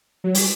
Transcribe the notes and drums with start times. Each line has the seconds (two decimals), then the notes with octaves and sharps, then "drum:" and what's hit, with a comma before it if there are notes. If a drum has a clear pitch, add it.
0.24 F#3
0.35 G3, drum: open hi-hat